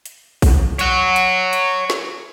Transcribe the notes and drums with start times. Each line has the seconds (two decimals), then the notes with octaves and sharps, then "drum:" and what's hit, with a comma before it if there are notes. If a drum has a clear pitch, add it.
0.06 drum: hi-hat
0.42 drum: kick A#1, open hi-hat
0.79 C#5 F#5, drum: hi-hat
1.16 drum: hi-hat
1.53 drum: hi-hat
1.90 drum: snare